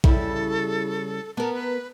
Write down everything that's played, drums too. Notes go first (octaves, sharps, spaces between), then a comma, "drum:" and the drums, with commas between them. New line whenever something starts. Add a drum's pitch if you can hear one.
C#3 G3 E4 A4, drum: kick A#1
B3 A#4 A5
B4